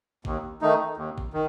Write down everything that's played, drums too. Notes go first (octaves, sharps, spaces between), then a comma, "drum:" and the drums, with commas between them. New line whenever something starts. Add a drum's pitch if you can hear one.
D#2, drum: kick
D#3 A3 D#4
D#2
drum: kick
D#3